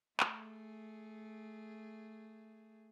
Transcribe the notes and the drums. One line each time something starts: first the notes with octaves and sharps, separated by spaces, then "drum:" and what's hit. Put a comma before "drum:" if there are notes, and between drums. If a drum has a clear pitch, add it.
A3 G#4, drum: clap